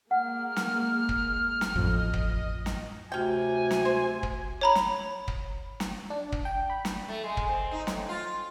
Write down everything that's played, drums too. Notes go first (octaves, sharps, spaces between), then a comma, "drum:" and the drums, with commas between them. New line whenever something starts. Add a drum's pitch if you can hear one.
G#3 A#3 F#5 F6
drum: snare
drum: kick
drum: snare
A1 F2 D#5
drum: kick
drum: snare
D2 C3 C#4 G5 G#5
drum: snare
C5
drum: kick
C#5 A#5 B5
drum: snare
drum: kick
drum: snare
D4
drum: kick
G5
B5
drum: snare
A3
G#3
drum: kick
C4
D#4
A2, drum: snare
F4